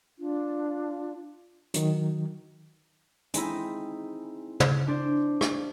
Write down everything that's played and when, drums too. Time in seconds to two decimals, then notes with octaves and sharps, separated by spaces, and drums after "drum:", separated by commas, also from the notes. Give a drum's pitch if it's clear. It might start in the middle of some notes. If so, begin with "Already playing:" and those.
0.19 D4 F4
1.74 D#3 F#3, drum: hi-hat
3.34 G#3 C4 D#4 E4, drum: hi-hat
4.60 drum: tom
4.87 D4 C5 D5
5.41 drum: rim click